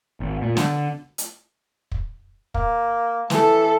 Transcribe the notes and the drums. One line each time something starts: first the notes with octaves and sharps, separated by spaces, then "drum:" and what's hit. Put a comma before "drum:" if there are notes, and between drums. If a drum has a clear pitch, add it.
G#1
A#2
D3, drum: snare
drum: hi-hat
drum: kick
A#3, drum: kick
E3 A4 A5, drum: snare